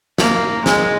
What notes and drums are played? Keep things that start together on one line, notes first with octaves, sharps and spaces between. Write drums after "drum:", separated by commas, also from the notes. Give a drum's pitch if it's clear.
A#3, drum: snare
G#3, drum: snare